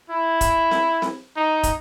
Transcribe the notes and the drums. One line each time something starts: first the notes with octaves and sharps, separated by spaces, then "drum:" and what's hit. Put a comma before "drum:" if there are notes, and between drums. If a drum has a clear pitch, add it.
E4
drum: kick, hi-hat
drum: snare C4
drum: snare C4
D#4
drum: kick, hi-hat